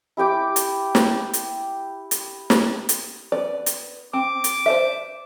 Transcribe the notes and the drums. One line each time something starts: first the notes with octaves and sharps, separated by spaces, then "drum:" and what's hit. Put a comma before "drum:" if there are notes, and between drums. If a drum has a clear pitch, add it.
E4 G4 G5 D6
drum: hi-hat
drum: snare
drum: hi-hat
drum: hi-hat
drum: snare
drum: hi-hat
B3 D5
drum: hi-hat
C4 D6
drum: hi-hat
C5 D5 E5